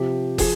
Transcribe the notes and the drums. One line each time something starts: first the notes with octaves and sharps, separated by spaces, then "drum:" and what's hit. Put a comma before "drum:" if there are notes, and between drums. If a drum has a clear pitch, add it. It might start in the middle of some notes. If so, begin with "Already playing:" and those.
Already playing: C3 F3 G4
F3 G#4, drum: kick, open hi-hat